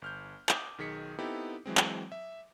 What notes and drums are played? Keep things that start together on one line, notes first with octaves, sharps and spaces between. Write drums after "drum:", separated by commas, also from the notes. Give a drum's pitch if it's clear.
G1 F6 G6
D6 D#6 G6, drum: clap
B1 D#3 G#4 B6 C#7
B3 C4 D#4 E4 G4 A4
E3 F#3 G#3 C4
drum: clap
E5